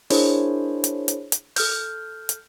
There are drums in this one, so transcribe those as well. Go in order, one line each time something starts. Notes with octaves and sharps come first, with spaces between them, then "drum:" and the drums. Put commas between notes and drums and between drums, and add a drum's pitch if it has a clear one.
D4 E4 G#4 A#4 C5 C#5, drum: open hi-hat
drum: hi-hat
drum: hi-hat
drum: hi-hat
A4 F6 G6, drum: open hi-hat
drum: hi-hat